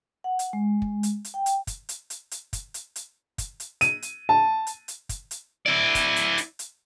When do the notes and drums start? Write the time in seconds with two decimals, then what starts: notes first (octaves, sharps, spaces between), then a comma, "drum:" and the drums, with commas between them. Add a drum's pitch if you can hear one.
0.24 F#5
0.39 drum: hi-hat
0.53 G#3
0.82 drum: kick
1.03 drum: hi-hat
1.25 drum: hi-hat
1.34 G5
1.46 drum: hi-hat
1.67 drum: kick, hi-hat
1.89 drum: hi-hat
2.10 drum: hi-hat
2.31 drum: hi-hat
2.53 drum: kick, hi-hat
2.74 drum: hi-hat
2.96 drum: hi-hat
3.38 drum: kick, hi-hat
3.60 drum: hi-hat
3.81 D#7, drum: hi-hat
4.02 drum: hi-hat
4.29 A5
4.67 drum: hi-hat
4.88 drum: hi-hat
5.09 drum: kick, hi-hat
5.31 drum: hi-hat
5.66 E4 D5
5.95 drum: kick, hi-hat
6.16 drum: hi-hat
6.38 drum: hi-hat
6.59 drum: hi-hat